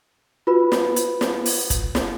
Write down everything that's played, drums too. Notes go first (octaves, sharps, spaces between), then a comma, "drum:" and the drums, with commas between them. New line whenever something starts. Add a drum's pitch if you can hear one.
F4 F#4 B4 B5
drum: snare
drum: hi-hat
drum: snare
drum: open hi-hat
drum: kick, hi-hat
drum: snare